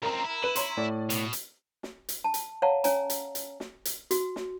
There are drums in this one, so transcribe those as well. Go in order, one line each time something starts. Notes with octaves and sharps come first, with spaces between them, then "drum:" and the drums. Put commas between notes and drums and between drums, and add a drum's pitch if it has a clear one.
C#2 C4 A#4 A#5
E4
B4 D#7 F#7
C#5 A#5 C6, drum: hi-hat
A2 D5
B2, drum: hi-hat
drum: hi-hat
drum: snare
drum: hi-hat
A5
drum: hi-hat
C#5 F5 F#5 A5 A#5
C#4 C#5 G#5 A#5, drum: hi-hat
drum: hi-hat
drum: hi-hat
drum: snare
drum: hi-hat
F#4, drum: hi-hat
drum: snare